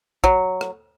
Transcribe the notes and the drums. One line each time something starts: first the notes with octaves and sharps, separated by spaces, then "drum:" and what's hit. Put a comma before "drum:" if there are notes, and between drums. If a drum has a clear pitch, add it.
F#3, drum: kick
drum: rim click